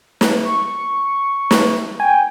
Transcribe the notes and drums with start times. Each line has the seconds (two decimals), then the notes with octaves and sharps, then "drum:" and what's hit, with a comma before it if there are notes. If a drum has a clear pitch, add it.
0.21 drum: snare
0.43 C#6
1.51 drum: snare
2.00 G5 G#5